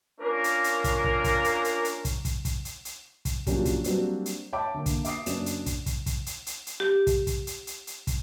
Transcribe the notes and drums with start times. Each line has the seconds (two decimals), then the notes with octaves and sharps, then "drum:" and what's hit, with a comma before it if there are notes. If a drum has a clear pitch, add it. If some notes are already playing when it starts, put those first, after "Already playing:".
0.21 A#3 C#4 D4 F4 A#4
0.44 drum: hi-hat
0.64 drum: hi-hat
0.84 drum: kick, hi-hat
1.04 drum: kick
1.24 drum: kick, hi-hat
1.44 drum: hi-hat
1.65 drum: hi-hat
1.85 drum: hi-hat
2.05 drum: kick, hi-hat
2.25 drum: kick, hi-hat
2.45 drum: kick, hi-hat
2.65 drum: hi-hat
2.85 drum: hi-hat
3.25 drum: kick, hi-hat
3.47 F3 F#3 A#3 C#4 D4 G4, drum: kick, hi-hat
3.65 drum: kick, hi-hat
3.84 F#3 G3 A#3 C4 D4 F#4, drum: hi-hat
4.26 drum: hi-hat
4.53 C#5 E5 G5 A5 B5 D6
4.74 D3 A#3
4.86 drum: kick, hi-hat
5.05 E5 D6 D#6 C7, drum: hi-hat
5.26 F#1 C#4 D4 E7, drum: hi-hat
5.46 drum: hi-hat
5.66 drum: kick, hi-hat
5.86 drum: kick, hi-hat
6.06 drum: kick, hi-hat
6.26 drum: hi-hat
6.46 drum: hi-hat
6.67 drum: hi-hat
6.80 G4
7.07 drum: kick, hi-hat
7.27 drum: kick, hi-hat
7.47 drum: hi-hat
7.67 drum: hi-hat
7.87 drum: hi-hat
8.07 drum: kick, hi-hat